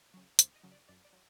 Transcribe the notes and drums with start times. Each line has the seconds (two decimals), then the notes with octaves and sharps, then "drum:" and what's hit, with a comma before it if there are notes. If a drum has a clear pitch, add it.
0.14 C#3 F#3
0.39 C#2 C5, drum: hi-hat
0.56 D#5
0.64 C#3 F#3
0.72 D5
0.89 F#2 D5
1.05 D5
1.13 F#3